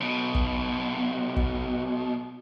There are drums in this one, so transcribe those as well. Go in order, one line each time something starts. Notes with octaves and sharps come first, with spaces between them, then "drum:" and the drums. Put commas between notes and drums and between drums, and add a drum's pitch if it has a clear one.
B1 B2
drum: kick
drum: kick